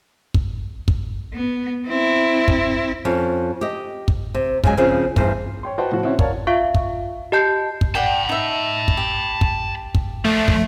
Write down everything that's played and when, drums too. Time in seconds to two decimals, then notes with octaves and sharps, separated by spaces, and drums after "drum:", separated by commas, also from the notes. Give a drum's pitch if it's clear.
0.34 drum: kick
0.88 drum: kick
1.33 B3
1.86 C4 E4
2.48 drum: kick
3.05 F2 C#4
3.61 G4 D#5
4.08 drum: kick
4.34 C3
4.64 C#3 F#3 G#3 G#5, drum: kick
4.77 C#3 F3 C4 C#4 G#4
5.16 E2 G2 C5, drum: kick
5.63 C#5 G5 C6
5.78 F#4 B4 C5 D#5 G5 A5
5.92 A2 F3 B3 F#4
6.03 C4 C#4 E4 F#4 C#5
6.19 A#4 C#5 D5 F5 A5, drum: kick
6.47 F4 E5 F5 C#6
6.75 drum: kick
7.32 G4 D#5 A5 G6 C7
7.81 drum: kick
7.95 D5 F#5 G5 A5 B5
8.29 D#4 E5
8.88 drum: kick
8.97 G4
9.41 drum: kick
9.95 drum: kick
10.25 F3 A3 D4
10.48 drum: kick